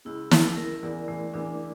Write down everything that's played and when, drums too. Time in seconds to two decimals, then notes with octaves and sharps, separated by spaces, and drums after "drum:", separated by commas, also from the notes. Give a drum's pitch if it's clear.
0.05 C#2 C#3 E4
0.31 E4, drum: snare
0.56 A#4
0.83 E2 E3 D5
1.08 E2 E3 A3
1.34 E2 E3 D4